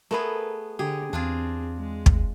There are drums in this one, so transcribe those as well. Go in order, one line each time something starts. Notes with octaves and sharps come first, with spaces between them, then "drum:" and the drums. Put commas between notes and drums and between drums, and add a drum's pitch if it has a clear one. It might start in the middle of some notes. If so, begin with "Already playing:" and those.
A3 B3 G#4 A#4 B4
D3 G4 G#4
E2 C4 D4 F4 G#4
G#3
drum: kick